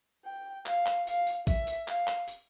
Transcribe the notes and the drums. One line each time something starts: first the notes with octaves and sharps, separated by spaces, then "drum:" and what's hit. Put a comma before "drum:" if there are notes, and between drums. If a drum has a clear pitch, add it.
G5
F5, drum: clap
drum: clap
F5, drum: tambourine
drum: tambourine
E5, drum: kick A1, tambourine
drum: tambourine
F5, drum: clap
drum: clap
drum: tambourine